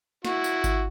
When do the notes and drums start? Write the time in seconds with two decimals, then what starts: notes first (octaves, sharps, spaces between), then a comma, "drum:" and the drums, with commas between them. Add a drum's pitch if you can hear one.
0.25 E4 F#4, drum: snare
0.44 drum: tambourine
0.64 drum: kick G#1, tambourine